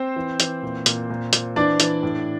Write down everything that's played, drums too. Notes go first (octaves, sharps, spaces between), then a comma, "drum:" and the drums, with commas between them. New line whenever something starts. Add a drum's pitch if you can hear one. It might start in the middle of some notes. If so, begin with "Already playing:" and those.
Already playing: C4 C5
E3
E3, drum: hi-hat
A#2
A#2, drum: hi-hat
A#2
A#2, drum: hi-hat
E3 D4 D5
E3, drum: hi-hat
A2